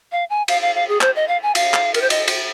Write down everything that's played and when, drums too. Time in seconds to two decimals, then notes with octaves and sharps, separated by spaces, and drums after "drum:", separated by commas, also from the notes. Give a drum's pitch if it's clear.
0.12 F5
0.30 G#5
0.48 F5, drum: cymbal
0.62 F5
0.75 F5
0.89 G#4
1.01 C5, drum: clap
1.16 D#5
1.28 F5
1.43 G#5
1.55 F5, drum: cymbal
1.74 drum: clap
1.94 A#4, drum: cymbal
2.02 C5
2.10 D#5, drum: cymbal
2.28 drum: cymbal